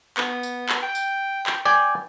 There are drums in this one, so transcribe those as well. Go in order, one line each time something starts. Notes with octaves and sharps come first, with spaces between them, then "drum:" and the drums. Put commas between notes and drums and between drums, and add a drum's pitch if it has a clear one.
B3, drum: clap
drum: tambourine
drum: clap
G5
drum: tambourine
drum: clap
D5 G5 G#5